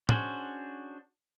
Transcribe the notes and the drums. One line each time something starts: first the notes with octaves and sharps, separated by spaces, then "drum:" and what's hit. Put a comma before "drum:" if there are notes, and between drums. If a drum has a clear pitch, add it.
C#4 D4 F#4 G#4 C5, drum: tom